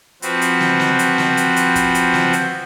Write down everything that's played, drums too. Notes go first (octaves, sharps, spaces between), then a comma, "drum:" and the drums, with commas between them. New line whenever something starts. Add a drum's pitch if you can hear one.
F3 C4 F#4 B4, drum: hi-hat
drum: hi-hat
drum: snare
drum: snare
drum: hi-hat
drum: snare
drum: hi-hat
drum: hi-hat
drum: kick, hi-hat
drum: hi-hat
drum: snare
drum: hi-hat